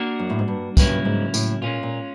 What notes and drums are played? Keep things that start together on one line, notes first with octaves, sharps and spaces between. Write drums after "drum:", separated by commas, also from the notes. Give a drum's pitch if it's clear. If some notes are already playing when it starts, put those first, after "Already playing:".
Already playing: A#3 D4 F#4 A#4
F#2
A2
G#2
G2
G2 C#3 F#3 A#3 C#4 E4, drum: kick, tambourine
G#2
A2, drum: tambourine
A#2 G#3 C#4 F4
A#2